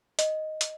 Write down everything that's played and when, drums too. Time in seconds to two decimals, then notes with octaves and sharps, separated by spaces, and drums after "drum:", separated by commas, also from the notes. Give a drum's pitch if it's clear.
0.19 D#5, drum: hi-hat
0.61 drum: hi-hat